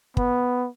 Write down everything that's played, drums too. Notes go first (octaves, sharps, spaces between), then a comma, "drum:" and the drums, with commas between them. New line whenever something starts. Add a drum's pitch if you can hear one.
B3, drum: kick